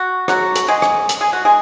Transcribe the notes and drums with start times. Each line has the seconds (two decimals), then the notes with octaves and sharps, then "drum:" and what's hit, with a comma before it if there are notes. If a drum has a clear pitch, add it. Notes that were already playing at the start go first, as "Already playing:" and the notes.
Already playing: F#4
0.28 F#3 F#4, drum: rim click
0.56 drum: hi-hat
0.68 G#3 G#4
0.82 drum: rim click
1.09 drum: hi-hat
1.21 G#4
1.33 F#4
1.45 G#3 G#4